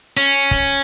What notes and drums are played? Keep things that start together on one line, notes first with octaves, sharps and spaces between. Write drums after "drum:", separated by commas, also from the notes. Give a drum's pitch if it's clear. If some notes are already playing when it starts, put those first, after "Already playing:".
C#4, drum: hi-hat
drum: kick, hi-hat